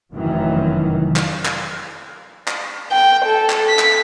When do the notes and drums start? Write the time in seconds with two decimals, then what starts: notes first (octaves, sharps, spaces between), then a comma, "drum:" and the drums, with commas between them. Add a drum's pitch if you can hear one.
0.12 F1 F#2 D#3 E3
1.16 drum: clap
1.45 drum: clap
2.48 drum: clap
2.91 G5
3.25 A4
3.50 drum: clap
3.69 B6
3.79 drum: clap